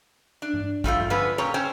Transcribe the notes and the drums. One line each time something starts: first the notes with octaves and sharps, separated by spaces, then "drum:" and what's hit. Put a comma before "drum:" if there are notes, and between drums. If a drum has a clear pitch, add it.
D4
drum: tom
F3 G3 A3 F4, drum: kick
drum: tom
D3 F3 B3 C#4 B4
A#2 C#4 G4 C#5 A#5
C#4 C5 C#5 G5